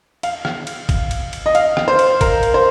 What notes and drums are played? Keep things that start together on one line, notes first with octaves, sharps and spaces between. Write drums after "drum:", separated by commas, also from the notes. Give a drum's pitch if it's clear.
F5, drum: cymbal
drum: rim click
drum: cymbal
drum: kick G#1, cymbal
drum: cymbal
drum: cymbal
D#5
F5, drum: cymbal
drum: rim click
C5
drum: cymbal
A#4, drum: kick G#1, cymbal
drum: cymbal
C5